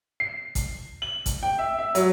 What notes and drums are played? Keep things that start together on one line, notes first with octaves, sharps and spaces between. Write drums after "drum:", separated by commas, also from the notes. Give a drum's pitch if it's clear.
C7
drum: kick A1, hi-hat
F#7
drum: kick A1, hi-hat
G5
E5
E5
F#3, drum: hi-hat